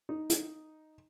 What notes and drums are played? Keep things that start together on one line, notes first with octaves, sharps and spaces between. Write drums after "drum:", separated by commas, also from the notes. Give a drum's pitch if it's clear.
D#4
drum: hi-hat